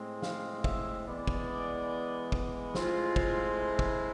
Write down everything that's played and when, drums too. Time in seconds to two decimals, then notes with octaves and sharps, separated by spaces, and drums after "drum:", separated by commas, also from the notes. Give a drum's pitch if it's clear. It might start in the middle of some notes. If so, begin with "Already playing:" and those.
Already playing: A2 G#3 C4
0.22 F5, drum: snare
0.64 E5, drum: kick
1.06 E3 G#3 B3 D5
1.27 drum: kick
2.32 drum: kick
2.75 A2 G#3 C4 F4, drum: snare
3.16 drum: kick
3.58 E4
3.79 drum: kick